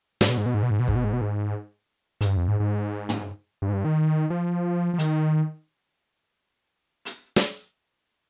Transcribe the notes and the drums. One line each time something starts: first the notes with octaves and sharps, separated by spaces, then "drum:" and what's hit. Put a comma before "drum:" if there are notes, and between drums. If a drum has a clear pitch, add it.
G#2, drum: snare
B2
G#2
B2
G#2
B2
G#2
B2
G#2, drum: kick
B2
G#2
B2
G#2
G#2, drum: hi-hat
G2
F2
G#2
G#2
drum: tom
G2
G#2
G2
D#3
F3
F3
D#3, drum: hi-hat
drum: hi-hat
drum: snare